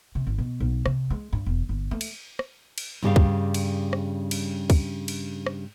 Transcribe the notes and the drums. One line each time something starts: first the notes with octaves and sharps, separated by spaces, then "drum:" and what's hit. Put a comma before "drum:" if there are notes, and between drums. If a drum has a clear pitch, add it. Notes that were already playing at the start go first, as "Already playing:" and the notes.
C3
G#1
B2
B1
C3, drum: rim click
G#3
G2
E1
G1
A3
drum: cymbal
drum: rim click
drum: cymbal
G2 C#3 G3 G4 G#4 F5
drum: kick
drum: cymbal
drum: rim click
drum: cymbal
drum: kick, cymbal
drum: cymbal
drum: rim click